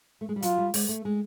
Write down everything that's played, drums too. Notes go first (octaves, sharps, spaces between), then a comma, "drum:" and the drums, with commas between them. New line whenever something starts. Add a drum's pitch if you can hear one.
A3
G#3
G3
F#3 F4, drum: hi-hat
G3
G#3, drum: open hi-hat
A3
G#3